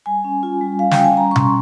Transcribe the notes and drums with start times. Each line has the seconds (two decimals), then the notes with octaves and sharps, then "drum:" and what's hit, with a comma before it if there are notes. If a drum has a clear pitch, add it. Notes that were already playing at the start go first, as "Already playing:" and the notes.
0.06 G3 G#5
0.24 C#4
0.43 F4
0.61 G3
0.79 G3 F5
0.91 G5, drum: snare
0.99 C#4
1.04 G#5
1.17 G3 A#5
1.31 C#6
1.36 C#4 C6, drum: tom B2